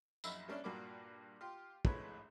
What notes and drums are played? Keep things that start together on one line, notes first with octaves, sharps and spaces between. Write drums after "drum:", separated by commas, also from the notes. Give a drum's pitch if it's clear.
A#1 F#2 D#4 E4 B5 E6, drum: tambourine
G3 A#3 C#4 D4 E4
G2 A#2 A#3 F#4 B5 D6
F4 G4 C6
A#1 A2 G#3 B4 C#5 B5, drum: kick